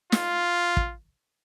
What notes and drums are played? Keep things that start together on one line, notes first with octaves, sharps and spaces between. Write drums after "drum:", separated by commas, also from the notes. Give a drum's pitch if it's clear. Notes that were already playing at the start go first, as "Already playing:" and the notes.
F4, drum: snare
drum: kick